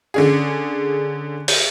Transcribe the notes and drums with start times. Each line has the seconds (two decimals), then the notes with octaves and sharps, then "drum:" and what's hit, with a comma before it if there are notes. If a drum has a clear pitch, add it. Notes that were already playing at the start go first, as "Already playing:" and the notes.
0.14 D3 C#4 G#4
1.48 drum: open hi-hat